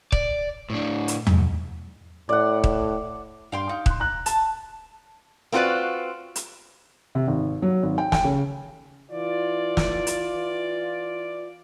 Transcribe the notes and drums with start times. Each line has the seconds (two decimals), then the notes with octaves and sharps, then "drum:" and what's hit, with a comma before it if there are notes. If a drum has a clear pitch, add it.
0.12 D5, drum: kick D#1
0.70 A2 D4
1.08 drum: hi-hat
1.27 C2 G#2, drum: tom E2
2.29 A2 D5 F#5
2.64 drum: kick D#1
3.52 G2 F5 G5 C6
3.69 D#4 F5
3.86 C6 F#6, drum: kick D#1
4.00 A#5 F#6
4.26 A5, drum: hi-hat
5.52 A#3 C4 F4 F#4 B4 D5
6.36 drum: hi-hat
7.15 C3
7.27 G#1
7.62 F#3
7.83 G#1
7.98 G5
8.12 G5, drum: snare
8.24 C#3
9.11 E3 F4 D5
9.77 drum: snare
10.07 drum: hi-hat